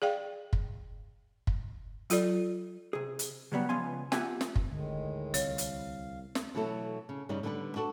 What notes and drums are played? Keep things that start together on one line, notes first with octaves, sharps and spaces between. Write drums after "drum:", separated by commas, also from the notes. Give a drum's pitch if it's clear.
G#4 D5 F5 G5
drum: kick
drum: kick
F#3 F4 A4 D5, drum: hi-hat
C3 G#4
drum: hi-hat
C#3 F#3 G3 B3
C#2 F3 B3 F5 G#5 C6
B3 F4 G4 E5 F#5 G#5, drum: snare
drum: snare
drum: kick
D2 A2 D3 D#3 G#3
C2 C#5 F5, drum: hi-hat
drum: hi-hat
drum: snare
B2 E3 F#3 A3 A4
C#3
G2 C#3 G3 D#4
D3 G3 B3 A4 B4
D4 F#4 A4